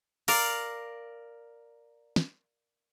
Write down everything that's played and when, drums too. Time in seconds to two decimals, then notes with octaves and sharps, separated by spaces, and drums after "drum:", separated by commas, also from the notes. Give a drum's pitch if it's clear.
0.28 A#4 D5 F5, drum: open hi-hat
2.16 drum: snare